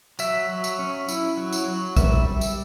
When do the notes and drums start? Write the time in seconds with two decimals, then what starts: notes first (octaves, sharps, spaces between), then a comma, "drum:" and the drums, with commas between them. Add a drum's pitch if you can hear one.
0.19 F#3 E5, drum: tambourine
0.49 F#3
0.64 drum: tambourine
0.79 C#4
1.08 E4, drum: tambourine
1.37 F#3
1.53 drum: tambourine
1.68 F#3
1.97 G3 E5, drum: kick A#1, tambourine
2.27 G3
2.41 drum: tambourine